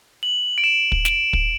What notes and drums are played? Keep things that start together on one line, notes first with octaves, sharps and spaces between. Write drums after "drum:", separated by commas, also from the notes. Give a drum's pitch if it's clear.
F#7
D7
E7
drum: kick
D7, drum: snare
drum: kick